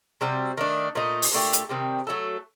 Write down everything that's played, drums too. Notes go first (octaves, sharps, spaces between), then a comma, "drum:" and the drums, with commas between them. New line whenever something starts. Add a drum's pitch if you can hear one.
C3 G3 C4 F#4
D#3 A3 D4
A#2 A3 D#4
drum: open hi-hat
A#2 A3 D4 G4
drum: hi-hat
C3 D#3 G3 C4
F#3 A3 D#4 A4